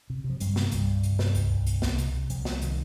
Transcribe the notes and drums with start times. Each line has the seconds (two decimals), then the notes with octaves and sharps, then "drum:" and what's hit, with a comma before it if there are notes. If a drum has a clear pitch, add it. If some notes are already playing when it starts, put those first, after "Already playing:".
0.10 C3
0.24 C3
0.30 F3
0.40 G2 C3 G3, drum: hi-hat
0.56 C3, drum: snare
0.72 C2 G2 G3, drum: hi-hat
0.88 C3
1.03 C3, drum: hi-hat
1.19 C3, drum: snare
1.35 C2, drum: hi-hat
1.51 C2
1.67 C3, drum: hi-hat
1.82 C2, drum: snare
1.98 C3, drum: hi-hat
2.14 C3
2.30 C2 F3, drum: hi-hat
2.45 C2, drum: snare
2.62 C3 D#3, drum: hi-hat